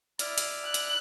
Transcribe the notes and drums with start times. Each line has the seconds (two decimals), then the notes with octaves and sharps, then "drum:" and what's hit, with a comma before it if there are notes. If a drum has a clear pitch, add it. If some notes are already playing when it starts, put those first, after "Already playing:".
0.19 E4 D5 F6, drum: hi-hat
0.38 drum: hi-hat
0.65 F#6
0.74 drum: hi-hat